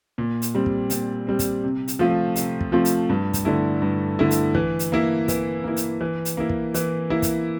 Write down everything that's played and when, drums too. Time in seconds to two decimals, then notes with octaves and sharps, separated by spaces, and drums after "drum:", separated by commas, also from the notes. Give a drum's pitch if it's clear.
0.18 A#2
0.42 drum: hi-hat
0.55 G3 C4
0.66 drum: kick
0.90 A#2, drum: hi-hat
1.27 G3 C4
1.39 drum: kick, hi-hat
1.64 C3
1.88 drum: hi-hat
1.99 F3 A3 C4 F4
2.36 C3, drum: hi-hat
2.61 drum: kick
2.72 F3 A3 C4 F4
2.85 drum: hi-hat
3.09 G2
3.33 drum: kick, hi-hat
3.45 D3 A3 E4
3.82 G2
4.19 D3 A3 E4
4.31 drum: hi-hat
4.55 E3, drum: kick
4.79 drum: hi-hat
4.92 A#3 E4
5.28 E3, drum: kick, hi-hat
5.64 A#3 E4
5.77 drum: hi-hat
6.01 E3
6.25 drum: hi-hat
6.37 A#3 E4
6.49 drum: kick
6.74 E3, drum: hi-hat
7.10 A#3 E4
7.22 drum: kick, hi-hat